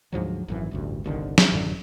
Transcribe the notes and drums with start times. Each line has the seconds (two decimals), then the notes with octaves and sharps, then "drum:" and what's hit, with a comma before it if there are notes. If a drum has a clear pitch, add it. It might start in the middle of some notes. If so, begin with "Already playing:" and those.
0.12 D2 G#2 F3 F#3
0.48 G#1 F#2 E3
0.71 A1 D2 G2
1.04 G1 C2 D3 D#3
1.38 drum: snare
1.52 A1 F#2 D3 F#3